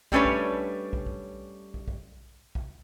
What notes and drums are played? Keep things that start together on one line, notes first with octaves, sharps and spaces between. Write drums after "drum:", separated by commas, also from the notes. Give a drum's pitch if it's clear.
G3 A3 C#4 D4 B4 C#5, drum: kick
drum: kick
drum: kick
drum: kick
drum: kick
drum: kick
drum: kick